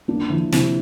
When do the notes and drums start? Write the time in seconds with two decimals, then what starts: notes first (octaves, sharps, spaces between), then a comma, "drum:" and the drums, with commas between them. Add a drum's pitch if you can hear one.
0.08 A#3 D4
0.30 F3 E4
0.52 C3 E4, drum: snare